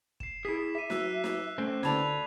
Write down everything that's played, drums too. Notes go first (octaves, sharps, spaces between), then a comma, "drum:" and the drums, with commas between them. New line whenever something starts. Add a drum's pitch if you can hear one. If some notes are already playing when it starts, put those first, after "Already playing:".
C7 E7, drum: kick
E4 G#4 B6
E5 D6 D#7
F#3 E6 F#6 B6, drum: snare
drum: snare
A3 C#4 C5
D2 D5 A5 B5 G#6 F7, drum: snare